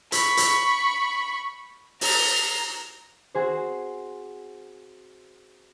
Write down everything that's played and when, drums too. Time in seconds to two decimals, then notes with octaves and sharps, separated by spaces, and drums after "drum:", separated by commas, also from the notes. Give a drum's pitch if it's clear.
0.12 B5 C#6, drum: hi-hat
0.37 drum: hi-hat
2.01 A#5, drum: open hi-hat
3.35 C4 F#4 G#4 C5